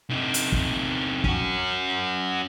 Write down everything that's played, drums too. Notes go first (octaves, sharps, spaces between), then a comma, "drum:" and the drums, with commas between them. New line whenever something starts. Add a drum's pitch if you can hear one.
C3 D#4
drum: hi-hat
drum: kick
C#4 F#4, drum: kick